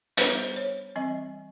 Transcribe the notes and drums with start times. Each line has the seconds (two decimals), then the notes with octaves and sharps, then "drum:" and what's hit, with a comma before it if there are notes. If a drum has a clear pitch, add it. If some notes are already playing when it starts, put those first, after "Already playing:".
0.17 G3 B3 D4 B4, drum: hi-hat
0.38 C5
0.56 C#5
0.96 E3 G3 C4 D#5